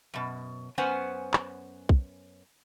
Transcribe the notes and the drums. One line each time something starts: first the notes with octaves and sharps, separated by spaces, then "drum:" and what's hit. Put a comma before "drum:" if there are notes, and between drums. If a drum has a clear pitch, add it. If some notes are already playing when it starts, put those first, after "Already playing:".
F#2 B2
F#2 B3 C#4 C5 F#5 G#5
drum: clap
drum: kick